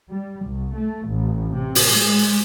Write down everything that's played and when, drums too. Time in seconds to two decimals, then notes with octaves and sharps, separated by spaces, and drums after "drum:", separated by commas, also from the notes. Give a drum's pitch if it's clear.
0.10 G3
0.47 C2
0.77 A3
1.10 A1
1.52 C3
1.75 drum: open hi-hat
1.93 G#3